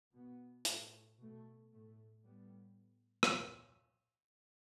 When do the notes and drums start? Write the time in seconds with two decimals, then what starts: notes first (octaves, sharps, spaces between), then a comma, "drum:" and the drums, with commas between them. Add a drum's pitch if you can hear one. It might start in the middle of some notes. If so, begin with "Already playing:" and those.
0.12 B2 B3
0.65 A2 A3, drum: hi-hat
1.19 B2 A3
1.72 A2 A3
2.25 A2 G3 B3
3.23 drum: rim click